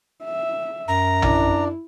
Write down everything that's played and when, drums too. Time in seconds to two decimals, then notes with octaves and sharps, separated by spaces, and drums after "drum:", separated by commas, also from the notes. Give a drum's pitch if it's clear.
0.25 E5
0.88 F#2 A#5
1.22 D4 E4 D5, drum: tom